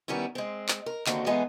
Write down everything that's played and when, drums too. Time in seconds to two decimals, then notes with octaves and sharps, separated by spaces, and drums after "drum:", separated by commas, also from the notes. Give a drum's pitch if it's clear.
0.08 D#3 G3 B3 C#4 E4
0.35 G#3 C4
0.68 drum: clap
0.86 A#4
1.06 D#2 D3 D#3 C4 F#4, drum: clap
1.26 A2 E3 G#3 B3 D#4 G#4